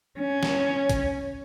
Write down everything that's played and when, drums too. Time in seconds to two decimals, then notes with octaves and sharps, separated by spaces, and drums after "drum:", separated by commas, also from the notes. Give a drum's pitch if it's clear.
0.19 C#4
0.43 drum: snare
0.89 drum: kick, hi-hat